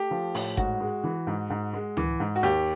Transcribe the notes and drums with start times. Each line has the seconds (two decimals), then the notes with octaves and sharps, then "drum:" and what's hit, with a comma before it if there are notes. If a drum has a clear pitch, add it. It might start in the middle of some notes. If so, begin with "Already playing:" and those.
Already playing: A3 G4
0.11 F3
0.34 A2, drum: open hi-hat
0.57 G#2 F#4, drum: kick G1
0.80 G#3
1.04 E3
1.27 G#2
1.50 G#2
1.73 G#3
1.97 E3, drum: tom C#2
2.20 G#2
2.36 F#4
2.43 D#2 G4, drum: hi-hat